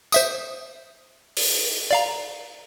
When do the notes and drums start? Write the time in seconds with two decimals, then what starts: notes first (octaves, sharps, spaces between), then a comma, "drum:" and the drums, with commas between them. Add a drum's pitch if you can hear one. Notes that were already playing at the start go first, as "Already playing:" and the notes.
0.12 C5 E5 D#6, drum: tambourine
1.37 drum: open hi-hat
1.91 D5 F5 A#5